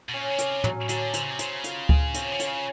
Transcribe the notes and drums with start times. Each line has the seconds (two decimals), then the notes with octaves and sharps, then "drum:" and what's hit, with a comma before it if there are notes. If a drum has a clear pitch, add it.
0.09 B2
0.14 A#2 C#4
0.30 C#3
0.39 C3 C#4, drum: hi-hat
0.64 F#3, drum: tom
0.89 D3 F#3, drum: hi-hat
1.14 D3 C5, drum: hi-hat
1.23 C#3
1.30 C3
1.39 C#3 C5, drum: hi-hat
1.64 F4, drum: hi-hat
1.89 G#4, drum: kick C#2
2.14 C3 C#4, drum: hi-hat
2.31 D3
2.40 C#4, drum: hi-hat
2.47 C#3